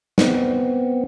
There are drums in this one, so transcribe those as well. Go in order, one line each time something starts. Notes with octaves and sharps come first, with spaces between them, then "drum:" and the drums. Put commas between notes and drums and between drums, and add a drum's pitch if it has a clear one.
B3 C4, drum: snare